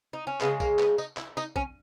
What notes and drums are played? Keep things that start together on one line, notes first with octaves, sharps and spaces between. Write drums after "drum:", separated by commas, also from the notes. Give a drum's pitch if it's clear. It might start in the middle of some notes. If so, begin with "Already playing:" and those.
D#4
C#4
C#3 G#3 B3, drum: clap
A#3, drum: kick, tambourine
B3, drum: clap
D#4, drum: tambourine
E4, drum: clap
D#4, drum: tambourine
C#4, drum: kick